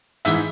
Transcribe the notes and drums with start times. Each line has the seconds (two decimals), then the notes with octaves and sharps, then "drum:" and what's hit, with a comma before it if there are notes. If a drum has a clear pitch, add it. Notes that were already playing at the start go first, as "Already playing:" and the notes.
0.25 G#2 E3 E5, drum: hi-hat